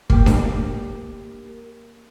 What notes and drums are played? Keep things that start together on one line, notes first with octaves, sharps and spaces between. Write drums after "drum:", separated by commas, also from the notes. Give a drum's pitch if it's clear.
A#3 G4, drum: kick
drum: snare D4